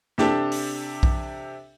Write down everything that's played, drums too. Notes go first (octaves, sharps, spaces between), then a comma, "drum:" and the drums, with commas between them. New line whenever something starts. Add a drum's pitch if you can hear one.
C3 D4 G4 A4, drum: snare
drum: open hi-hat
drum: kick B1